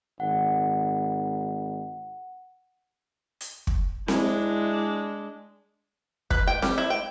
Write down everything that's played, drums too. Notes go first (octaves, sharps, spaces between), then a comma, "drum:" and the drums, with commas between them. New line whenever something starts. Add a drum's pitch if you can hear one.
G#1 F#5
drum: hi-hat
drum: kick
G#3 D4 E4, drum: snare C4
B4, drum: kick
G5
G3, drum: snare C4
E4
G5